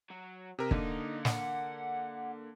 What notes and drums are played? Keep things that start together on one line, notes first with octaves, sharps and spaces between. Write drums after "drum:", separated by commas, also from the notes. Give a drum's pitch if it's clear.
F#3
C3 A#4
D3 A#3 D#4, drum: kick
F#5, drum: snare